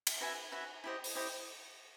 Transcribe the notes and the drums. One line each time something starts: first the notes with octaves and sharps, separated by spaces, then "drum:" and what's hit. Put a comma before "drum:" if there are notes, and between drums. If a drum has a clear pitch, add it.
drum: cymbal
F#4 B4 E5 G#5
F#4 B4 E5 G#5
E4 G4 C5 D#5
drum: open hi-hat
E4 G4 C5 D#5